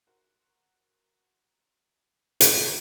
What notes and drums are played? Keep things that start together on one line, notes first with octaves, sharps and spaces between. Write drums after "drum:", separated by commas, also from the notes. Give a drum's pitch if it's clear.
F#4 A#4 C5
drum: hi-hat